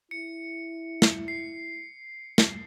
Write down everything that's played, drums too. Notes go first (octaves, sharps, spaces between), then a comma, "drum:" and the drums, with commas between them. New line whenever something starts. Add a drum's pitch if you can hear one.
E4 C#7
drum: snare
C7
drum: snare